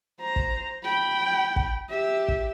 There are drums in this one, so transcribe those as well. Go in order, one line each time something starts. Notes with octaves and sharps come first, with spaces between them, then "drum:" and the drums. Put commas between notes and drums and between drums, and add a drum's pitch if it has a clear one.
C5 A#5
drum: kick
G5 B5
drum: kick
G4 E5
drum: kick